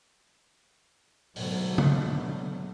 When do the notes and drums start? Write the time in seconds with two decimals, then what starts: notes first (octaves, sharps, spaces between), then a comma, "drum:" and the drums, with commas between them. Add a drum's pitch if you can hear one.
1.36 G#2 B2 D3 F#3 A3, drum: open hi-hat
1.78 drum: tom